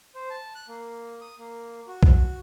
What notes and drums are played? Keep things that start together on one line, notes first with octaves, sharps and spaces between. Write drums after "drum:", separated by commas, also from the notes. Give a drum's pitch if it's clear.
C5
A5
F#6
A#3
D#6
A#3
F#4
drum: kick B1